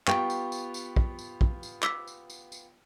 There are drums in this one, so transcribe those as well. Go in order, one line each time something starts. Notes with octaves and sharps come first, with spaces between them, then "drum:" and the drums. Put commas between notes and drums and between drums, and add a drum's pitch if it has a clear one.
B3 F4 G4 G5 C#6, drum: clap
drum: tambourine
drum: tambourine
drum: tambourine
drum: kick
drum: tambourine
drum: kick
drum: tambourine
D6 E6 B6, drum: clap
drum: tambourine
drum: tambourine
drum: tambourine